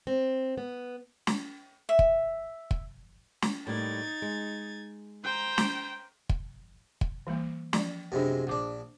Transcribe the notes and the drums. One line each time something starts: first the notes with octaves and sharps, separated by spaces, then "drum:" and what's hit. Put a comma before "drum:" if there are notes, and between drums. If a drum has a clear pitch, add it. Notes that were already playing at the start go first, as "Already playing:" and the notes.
C4
B3
drum: snare
E5
drum: kick
drum: kick
drum: snare
A2 G3 A#3 D#4 G#6 A6
G#3
C5 G5 A#5
drum: snare
drum: kick
drum: kick
E3 G3 A#3
F3 D5, drum: snare
F#2 C3 G#3 B3 D4
A#1 D4 C5 D6